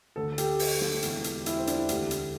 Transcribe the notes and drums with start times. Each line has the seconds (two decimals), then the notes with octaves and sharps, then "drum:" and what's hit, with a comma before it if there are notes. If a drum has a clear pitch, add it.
0.16 D2 D3 A4
0.38 G4, drum: hi-hat
0.59 drum: open hi-hat
0.81 drum: snare
1.03 E1 E2 E3, drum: hi-hat
1.24 drum: hi-hat
1.46 E4, drum: hi-hat
1.57 C4
1.67 D4, drum: hi-hat
1.79 E4
1.89 D2 D3 G4, drum: hi-hat
2.11 drum: hi-hat